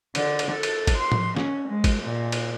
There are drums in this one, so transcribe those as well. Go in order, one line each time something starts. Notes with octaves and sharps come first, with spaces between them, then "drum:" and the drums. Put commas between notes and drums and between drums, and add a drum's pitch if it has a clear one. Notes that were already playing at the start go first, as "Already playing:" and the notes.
D3, drum: cymbal
drum: cymbal
A4
drum: cymbal
drum: kick G#1, cymbal
C6
drum: tom A2
C#4, drum: snare
G#3
drum: kick G#1, cymbal
A#2
drum: cymbal